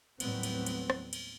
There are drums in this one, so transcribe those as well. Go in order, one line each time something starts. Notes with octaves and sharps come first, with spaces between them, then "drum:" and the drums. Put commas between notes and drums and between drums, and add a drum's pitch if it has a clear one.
D#2 A2 F#3 G3 B3 C4, drum: cymbal
drum: cymbal
drum: cymbal
drum: rim click
drum: cymbal